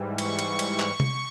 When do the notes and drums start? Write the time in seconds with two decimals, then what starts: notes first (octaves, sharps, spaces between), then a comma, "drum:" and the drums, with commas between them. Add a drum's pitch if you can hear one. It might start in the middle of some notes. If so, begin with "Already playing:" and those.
Already playing: G#2 E3 G3
0.18 C#6, drum: cymbal
0.39 drum: cymbal
0.59 drum: cymbal
0.79 drum: clap
1.00 drum: tom C3